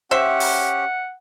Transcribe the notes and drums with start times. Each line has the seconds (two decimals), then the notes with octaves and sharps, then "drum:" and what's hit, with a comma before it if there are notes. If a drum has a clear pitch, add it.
0.11 C#4 G4 C5 E5 F#5
0.40 drum: open hi-hat